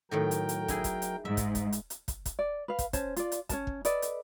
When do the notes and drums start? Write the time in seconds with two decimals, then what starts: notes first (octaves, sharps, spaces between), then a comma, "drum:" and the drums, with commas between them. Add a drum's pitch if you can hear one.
0.11 A2 D#3 F#3 D#4 A#4 G5
0.31 drum: hi-hat
0.49 drum: hi-hat
0.68 D#4 E4 G#4, drum: kick, hi-hat
0.84 drum: kick, hi-hat
1.02 drum: hi-hat
1.25 G#2 E5
1.37 drum: kick, hi-hat
1.55 drum: kick, hi-hat
1.72 drum: hi-hat
1.90 drum: hi-hat
2.08 drum: kick, hi-hat
2.26 drum: kick, hi-hat
2.39 D5
2.68 B4 F5
2.79 drum: kick, hi-hat
2.93 C#4 C5 A5, drum: kick, hi-hat
3.16 F4 D5, drum: hi-hat
3.32 drum: hi-hat
3.49 C#4 A#4 A5, drum: kick, hi-hat
3.67 drum: kick
3.85 A4 B4 D5 D#5, drum: hi-hat
4.02 drum: hi-hat